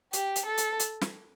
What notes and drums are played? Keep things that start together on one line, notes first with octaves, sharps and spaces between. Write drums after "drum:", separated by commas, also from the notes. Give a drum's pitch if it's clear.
G4, drum: hi-hat
drum: hi-hat
A4
drum: hi-hat
drum: hi-hat
drum: snare